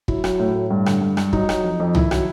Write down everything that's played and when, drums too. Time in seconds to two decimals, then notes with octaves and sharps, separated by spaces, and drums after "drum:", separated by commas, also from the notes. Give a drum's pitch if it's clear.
0.08 F#3 E4, drum: kick
0.24 F#3, drum: rim click
0.39 A2
0.55 A2
0.71 G2
0.86 D3, drum: rim click
1.01 G2
1.17 G2, drum: rim click
1.33 F#3 D#4, drum: kick
1.49 F#3, drum: rim click
1.64 F2
1.80 F2
1.95 D#3 E4, drum: tom
2.11 F#3, drum: rim click